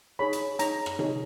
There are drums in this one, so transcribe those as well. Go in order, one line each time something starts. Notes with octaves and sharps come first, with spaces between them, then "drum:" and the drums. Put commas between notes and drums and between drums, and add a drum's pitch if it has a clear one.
D#4 G#4 C#5 B5
drum: hi-hat
D#4 G#4 C#5 A#5, drum: hi-hat
drum: rim click
D#4 G#4 C#5, drum: tom C3